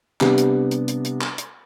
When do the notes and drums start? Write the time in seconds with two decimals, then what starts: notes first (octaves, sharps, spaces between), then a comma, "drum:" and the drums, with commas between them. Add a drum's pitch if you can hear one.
0.21 C3 G3 B3 D4, drum: clap
0.38 drum: hi-hat
0.71 drum: hi-hat
0.88 drum: hi-hat
1.04 drum: hi-hat
1.21 drum: clap
1.38 drum: hi-hat